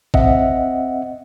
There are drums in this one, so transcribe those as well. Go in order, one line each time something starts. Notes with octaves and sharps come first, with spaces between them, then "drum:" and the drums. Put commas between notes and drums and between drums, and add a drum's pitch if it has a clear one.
C4 D#5 E5 F#5, drum: kick G#1